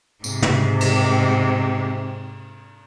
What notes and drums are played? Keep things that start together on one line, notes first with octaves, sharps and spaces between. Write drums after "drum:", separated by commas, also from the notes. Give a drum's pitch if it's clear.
G#2 C3, drum: tambourine
drum: tom
drum: cymbal